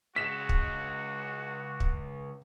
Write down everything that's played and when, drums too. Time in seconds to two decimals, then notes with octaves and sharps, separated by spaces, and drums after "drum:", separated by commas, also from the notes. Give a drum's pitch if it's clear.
0.16 C#3 G#3 F#4 B6 E7
0.49 drum: kick
1.80 drum: kick